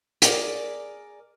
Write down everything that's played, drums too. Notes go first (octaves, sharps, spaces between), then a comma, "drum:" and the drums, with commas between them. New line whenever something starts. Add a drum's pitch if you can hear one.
G#4 A#4 D5, drum: hi-hat